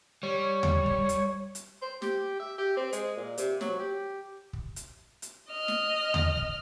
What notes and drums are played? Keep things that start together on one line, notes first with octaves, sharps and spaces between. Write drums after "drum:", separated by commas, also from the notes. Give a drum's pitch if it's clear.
G3 C#5
drum: tom D#2
drum: kick
drum: hi-hat
drum: hi-hat
C5
G4, drum: snare
E5
G4
C4
G#3, drum: hi-hat
A#2
C3, drum: hi-hat
F#3, drum: snare
G4
drum: kick
drum: hi-hat
drum: hi-hat
D#5 F6
drum: snare
drum: tom D#2
drum: kick